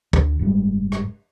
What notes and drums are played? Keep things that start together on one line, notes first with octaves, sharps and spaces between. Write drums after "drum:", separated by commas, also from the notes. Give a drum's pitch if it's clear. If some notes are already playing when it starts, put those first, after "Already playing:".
D2, drum: kick
F#1 G#2 G3 G#3
drum: rim click